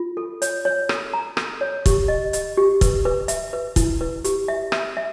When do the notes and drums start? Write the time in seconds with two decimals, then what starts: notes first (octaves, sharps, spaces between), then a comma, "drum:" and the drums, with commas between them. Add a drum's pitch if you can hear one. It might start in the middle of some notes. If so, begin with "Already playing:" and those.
Already playing: F4
0.17 A4
0.42 C#5, drum: hi-hat
0.65 C#5
0.89 A4, drum: rim click
1.14 A#5
1.37 A4, drum: rim click
1.61 C#5
1.86 G4, drum: kick, hi-hat
2.08 D#5
2.33 D#5, drum: hi-hat
2.57 G4
2.81 B4, drum: kick, hi-hat
3.05 B4
3.28 E5, drum: hi-hat
3.53 B4
3.76 E4, drum: kick, hi-hat
4.01 B4
4.24 G4, drum: hi-hat
4.48 E5
4.72 E5, drum: rim click
4.97 E5